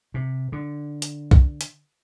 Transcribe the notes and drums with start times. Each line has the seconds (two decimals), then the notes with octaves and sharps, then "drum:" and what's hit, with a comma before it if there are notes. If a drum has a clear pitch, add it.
0.14 C3
0.52 D3
1.02 drum: hi-hat
1.31 drum: kick
1.61 drum: hi-hat